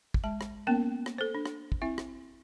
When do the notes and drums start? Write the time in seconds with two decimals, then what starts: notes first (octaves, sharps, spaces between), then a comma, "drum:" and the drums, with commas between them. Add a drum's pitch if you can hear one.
0.14 drum: kick
0.24 G#3 A5
0.41 drum: rim click
0.67 A#3 B3 C#4 A#4
1.06 drum: rim click
1.18 A4 C5
1.35 D4
1.46 drum: rim click
1.72 drum: kick
1.82 C4 E4 E5
1.98 drum: rim click